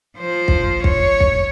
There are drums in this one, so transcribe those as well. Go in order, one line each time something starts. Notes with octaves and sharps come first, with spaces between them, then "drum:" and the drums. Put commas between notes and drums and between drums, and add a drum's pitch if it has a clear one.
F3 C5
drum: kick
C#5, drum: kick
drum: kick